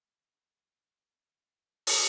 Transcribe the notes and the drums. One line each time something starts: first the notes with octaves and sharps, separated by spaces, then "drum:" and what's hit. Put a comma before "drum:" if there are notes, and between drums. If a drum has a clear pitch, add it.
F#4 B4 B5 C6
drum: open hi-hat